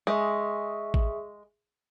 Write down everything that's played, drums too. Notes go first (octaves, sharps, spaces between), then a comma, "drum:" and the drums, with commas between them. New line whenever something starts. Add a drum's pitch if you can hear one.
G#3 G#4 E5 C#6
drum: kick A1